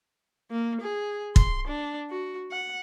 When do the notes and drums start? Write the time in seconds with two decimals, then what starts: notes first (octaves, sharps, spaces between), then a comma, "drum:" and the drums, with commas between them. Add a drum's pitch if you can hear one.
0.51 A#3
0.81 G#4
1.36 C6, drum: kick
1.67 D4
2.10 F#4
2.51 F#5